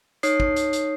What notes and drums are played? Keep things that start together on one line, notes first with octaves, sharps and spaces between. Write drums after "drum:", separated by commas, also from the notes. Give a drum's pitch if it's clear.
D#4 C#5 D#6 C7, drum: hi-hat
drum: kick
drum: hi-hat
drum: hi-hat